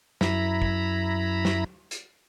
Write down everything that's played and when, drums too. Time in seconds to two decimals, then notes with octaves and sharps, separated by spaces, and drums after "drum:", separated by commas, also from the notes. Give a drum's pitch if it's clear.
0.21 F#2 E4 A#5 B5, drum: snare
0.62 drum: kick
1.45 drum: snare
1.91 drum: hi-hat